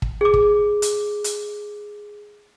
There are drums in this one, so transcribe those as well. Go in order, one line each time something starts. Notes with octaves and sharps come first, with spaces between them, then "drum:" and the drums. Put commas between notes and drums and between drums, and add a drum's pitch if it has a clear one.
drum: kick
G#4 D6
drum: kick
drum: hi-hat
drum: hi-hat